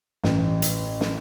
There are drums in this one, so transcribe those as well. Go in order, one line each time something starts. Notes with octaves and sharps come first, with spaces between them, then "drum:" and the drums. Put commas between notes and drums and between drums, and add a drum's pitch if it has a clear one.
A1, drum: snare
drum: hi-hat
drum: snare